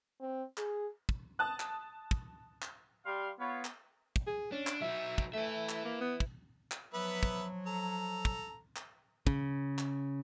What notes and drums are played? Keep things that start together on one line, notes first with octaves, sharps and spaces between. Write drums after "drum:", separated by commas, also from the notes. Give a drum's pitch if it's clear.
C4
G#4, drum: clap
drum: kick
A5 D#6 F#6
drum: clap
drum: kick
drum: clap
G3 F5 C6
B3 F4 C#5
drum: clap
drum: kick
G#4
C#4 D4
drum: clap
F#3 D#4 E5
drum: kick
A3 B4 E5
drum: clap
A#3
B3
drum: kick
drum: clap
F3 F#3 B3 B4 E5
drum: kick
A4 A#5
drum: kick
drum: clap
C#3, drum: kick
drum: clap